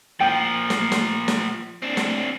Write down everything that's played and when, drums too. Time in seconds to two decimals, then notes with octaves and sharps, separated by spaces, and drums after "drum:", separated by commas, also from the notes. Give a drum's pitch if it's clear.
0.21 A#2 F3 G5
0.70 drum: snare
0.92 drum: snare
1.28 drum: snare
1.82 C4 D4
1.97 drum: snare